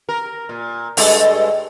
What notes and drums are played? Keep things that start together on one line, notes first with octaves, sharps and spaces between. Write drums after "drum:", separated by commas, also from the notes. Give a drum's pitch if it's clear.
A#4
A#2
G2 G#3 A4, drum: open hi-hat